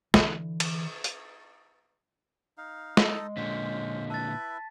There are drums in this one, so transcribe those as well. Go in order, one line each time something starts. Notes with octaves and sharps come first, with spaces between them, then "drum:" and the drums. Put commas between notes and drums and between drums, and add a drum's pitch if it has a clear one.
D3 E3, drum: snare
drum: cymbal
drum: hi-hat
D#4 F5
G#3 D#4 A4 D#5, drum: snare
A#2 D3 C#4 C5 B6
E4 B4 E5 A5 A6